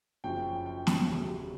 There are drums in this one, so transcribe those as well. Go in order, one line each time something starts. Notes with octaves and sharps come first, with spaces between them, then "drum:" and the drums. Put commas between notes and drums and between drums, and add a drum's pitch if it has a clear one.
F#1 F#2 C#3 F3 G5
G5
drum: snare
F1 D#2 C#3 F#3